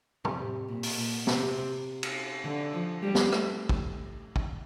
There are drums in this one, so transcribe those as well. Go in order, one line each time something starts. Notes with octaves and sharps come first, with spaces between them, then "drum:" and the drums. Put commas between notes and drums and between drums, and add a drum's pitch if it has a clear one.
C3, drum: tom
A#2
drum: open hi-hat
A#2
C3, drum: snare
drum: cymbal
D3
F3
G3
drum: snare
A3, drum: rim click
drum: kick
drum: kick